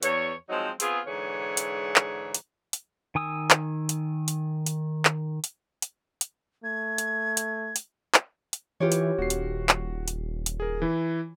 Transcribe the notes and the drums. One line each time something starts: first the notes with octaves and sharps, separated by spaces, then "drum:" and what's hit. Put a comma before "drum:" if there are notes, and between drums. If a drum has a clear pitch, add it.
E2 C#5, drum: hi-hat
F3 F#3 G#3 C4 D#4
B3 C4 F4 G#4, drum: hi-hat
G#2 D3 E3 G#4 C#5
drum: hi-hat
drum: clap
drum: hi-hat
drum: hi-hat
D#3 G#5 D#6 E6
drum: clap
drum: hi-hat
drum: hi-hat
drum: hi-hat
drum: clap
drum: hi-hat
drum: hi-hat
drum: hi-hat
A3 G#6
drum: hi-hat
drum: hi-hat
drum: hi-hat
drum: clap
drum: hi-hat
E3 F4 G4 C#5
drum: hi-hat
D#1 F#4 C7
drum: hi-hat
drum: clap
drum: hi-hat
drum: hi-hat
G#4 A#4
E3 E4